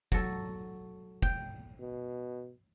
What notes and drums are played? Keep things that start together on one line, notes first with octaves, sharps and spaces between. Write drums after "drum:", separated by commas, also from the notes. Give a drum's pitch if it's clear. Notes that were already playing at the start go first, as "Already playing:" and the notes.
F#3 A4, drum: kick F1
G5, drum: kick F1
B2